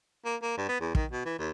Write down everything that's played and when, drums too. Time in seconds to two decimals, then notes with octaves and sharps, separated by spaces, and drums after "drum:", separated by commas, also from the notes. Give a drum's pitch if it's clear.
0.25 A#3
0.42 A#3
0.57 G2
0.69 B3
0.81 E2
0.95 D#3, drum: kick
1.11 B2
1.25 E3
1.38 D#2